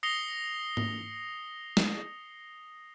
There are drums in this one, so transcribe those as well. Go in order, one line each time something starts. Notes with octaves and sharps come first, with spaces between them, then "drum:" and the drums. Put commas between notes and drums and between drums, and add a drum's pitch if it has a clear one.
D#6 A#6 C7 C#7 F7 G7
drum: tom
drum: snare